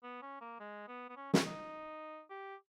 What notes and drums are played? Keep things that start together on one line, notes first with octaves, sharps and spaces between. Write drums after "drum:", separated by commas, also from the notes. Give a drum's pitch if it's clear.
B3
C#4
A#3
G#3
B3
B3
C#4
C#4, drum: snare
D#4
G4